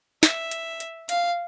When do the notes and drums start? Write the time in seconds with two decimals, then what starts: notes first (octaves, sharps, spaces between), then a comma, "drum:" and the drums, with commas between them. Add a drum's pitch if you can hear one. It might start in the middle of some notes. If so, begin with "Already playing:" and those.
0.23 E5, drum: snare
0.51 drum: hi-hat
0.80 drum: hi-hat
1.09 F5, drum: hi-hat